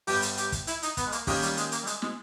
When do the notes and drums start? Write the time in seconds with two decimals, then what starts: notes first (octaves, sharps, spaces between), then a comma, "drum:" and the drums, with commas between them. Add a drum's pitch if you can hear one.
0.07 G1 G2 G3 B3 G4, drum: open hi-hat
0.22 drum: hi-hat
0.37 G4, drum: hi-hat
0.52 drum: kick, hi-hat
0.67 E4, drum: hi-hat
0.83 D#4, drum: hi-hat
0.97 B3, drum: kick, hi-hat
1.06 G#3
1.12 A#3, drum: hi-hat
1.27 D#3 G#3 A#3 C#4 G4, drum: kick, open hi-hat
1.42 G3, drum: hi-hat
1.57 G#3, drum: hi-hat
1.72 A#3, drum: hi-hat
1.83 G3
1.87 G#3, drum: hi-hat
2.02 G#3, drum: snare